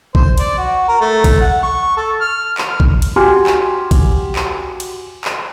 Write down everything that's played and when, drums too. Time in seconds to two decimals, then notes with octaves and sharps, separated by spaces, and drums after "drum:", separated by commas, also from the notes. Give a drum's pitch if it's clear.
0.15 C5, drum: kick
0.38 D5, drum: cymbal
0.58 F#4
0.88 A#4
1.01 A3
1.24 drum: kick, cymbal
1.41 F#5
1.63 C#6
1.97 A4
2.20 F6
2.58 drum: clap
2.69 F6
2.80 drum: kick
3.02 drum: cymbal
3.16 F#4 G4 G#5 C6 D6 F6
3.47 drum: clap
3.91 drum: kick, cymbal
4.36 drum: clap
4.80 drum: cymbal
5.25 drum: clap